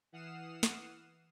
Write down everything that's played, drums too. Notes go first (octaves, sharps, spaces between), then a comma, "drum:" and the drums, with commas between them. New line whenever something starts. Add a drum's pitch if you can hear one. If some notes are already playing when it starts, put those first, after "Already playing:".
E3 F#5 D#6 F6 C7 E7
drum: snare